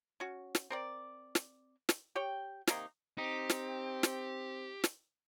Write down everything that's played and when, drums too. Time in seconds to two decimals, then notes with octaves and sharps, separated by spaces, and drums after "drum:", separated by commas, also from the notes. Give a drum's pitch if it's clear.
0.20 C#4 F#4
0.55 drum: snare
0.70 C4 A#4 D5
1.35 drum: snare
1.89 drum: snare
2.15 G4 C#5 G5
2.67 C3 D#3 A#3 D#4, drum: snare
3.18 C4 D#4 G4
3.50 drum: snare
4.03 drum: snare
4.84 drum: snare